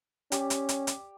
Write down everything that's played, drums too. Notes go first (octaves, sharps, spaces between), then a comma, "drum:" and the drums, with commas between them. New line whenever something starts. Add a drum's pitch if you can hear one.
C#4 G4 D5, drum: hi-hat
drum: hi-hat
drum: hi-hat
drum: hi-hat